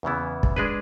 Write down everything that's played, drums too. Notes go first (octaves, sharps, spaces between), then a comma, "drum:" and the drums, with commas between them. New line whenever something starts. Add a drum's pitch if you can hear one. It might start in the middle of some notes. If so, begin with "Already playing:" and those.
E2 C#3 E3 B3 E4
drum: kick
G#3 D4 G#4 B4